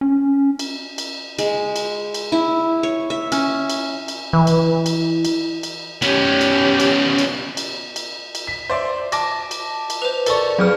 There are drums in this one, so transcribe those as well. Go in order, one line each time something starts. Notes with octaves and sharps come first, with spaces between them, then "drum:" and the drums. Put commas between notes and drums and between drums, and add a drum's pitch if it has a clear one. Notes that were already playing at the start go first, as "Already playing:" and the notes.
C#4
drum: cymbal
drum: cymbal
G#3, drum: cymbal
drum: cymbal
drum: cymbal
E4
C#5
E5
C#4, drum: cymbal
drum: cymbal
drum: cymbal
E3
drum: cymbal
drum: cymbal
drum: cymbal
drum: cymbal
B3 C#4 G4, drum: cymbal
drum: cymbal
drum: cymbal
drum: cymbal
drum: cymbal
drum: cymbal
drum: cymbal
B6
C5 D5 E5
A5 D6 A#6, drum: cymbal
drum: cymbal
drum: cymbal
B4 C5 F7
A4 A#4 D5 A5 C#6, drum: cymbal
F2 F#3 G#4 F6